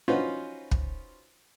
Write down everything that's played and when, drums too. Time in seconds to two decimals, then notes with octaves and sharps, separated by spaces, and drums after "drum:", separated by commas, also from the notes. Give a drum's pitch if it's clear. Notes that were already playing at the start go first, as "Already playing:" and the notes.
0.08 C#4 D#4 F4 F#4 B4 C5
0.71 drum: kick